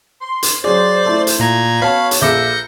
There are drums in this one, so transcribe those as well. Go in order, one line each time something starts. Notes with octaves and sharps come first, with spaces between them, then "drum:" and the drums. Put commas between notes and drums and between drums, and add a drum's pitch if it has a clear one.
C6
drum: hi-hat
F#3 G#4 C5 D5 A6
A3 E4
drum: hi-hat
A#2 A#5 G#6
B3 F#4 C#5 F5 A5 B5
drum: hi-hat
A#1 A4 B4 E5 D6 G6 A#6 C#7